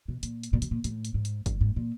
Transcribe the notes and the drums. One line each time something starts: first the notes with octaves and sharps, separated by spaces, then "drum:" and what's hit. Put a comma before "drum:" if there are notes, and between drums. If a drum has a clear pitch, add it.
B2
A#2, drum: hi-hat
drum: hi-hat
A#2
B2, drum: hi-hat
A#2
A2, drum: hi-hat
drum: hi-hat
G#2
drum: hi-hat
G2, drum: kick, hi-hat
G#2
A#2